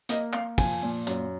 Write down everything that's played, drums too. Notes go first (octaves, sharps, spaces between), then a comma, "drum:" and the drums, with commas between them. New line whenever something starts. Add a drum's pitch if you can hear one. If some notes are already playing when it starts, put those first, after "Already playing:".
A#3 D#5, drum: hi-hat
A#3 F5, drum: clap
F3 G#5, drum: kick, open hi-hat
A#2
F#2, drum: hi-hat